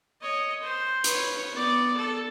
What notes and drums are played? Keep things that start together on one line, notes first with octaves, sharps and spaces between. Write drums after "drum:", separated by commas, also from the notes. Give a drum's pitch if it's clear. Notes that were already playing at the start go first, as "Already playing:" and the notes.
C#5 D#5
C5
B4 C#5, drum: hi-hat
B3 D5
A4